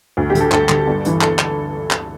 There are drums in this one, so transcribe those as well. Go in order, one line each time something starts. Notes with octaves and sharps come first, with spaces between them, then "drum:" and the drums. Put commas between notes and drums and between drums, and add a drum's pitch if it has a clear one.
D2
G4
D3, drum: hi-hat
A4
D2 A4, drum: clap
D3, drum: clap
G1
G2 E3, drum: hi-hat
A4, drum: clap
drum: clap
drum: clap